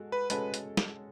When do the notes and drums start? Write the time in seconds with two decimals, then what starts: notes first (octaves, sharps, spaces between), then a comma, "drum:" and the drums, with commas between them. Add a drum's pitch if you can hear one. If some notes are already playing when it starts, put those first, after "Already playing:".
Already playing: G#3 F#4 A4
0.12 B4
0.30 G#3 C#4 F#4 A4 B4, drum: hi-hat
0.54 drum: hi-hat
0.77 drum: snare